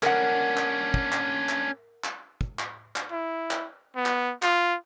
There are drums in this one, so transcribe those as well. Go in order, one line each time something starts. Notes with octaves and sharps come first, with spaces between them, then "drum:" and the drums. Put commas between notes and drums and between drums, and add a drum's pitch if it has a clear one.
C#4 D4 A#4 F#5, drum: clap
drum: clap
drum: kick
drum: clap
drum: clap
drum: clap
drum: kick
drum: clap
drum: clap
E4
drum: clap
B3
drum: clap
F4, drum: clap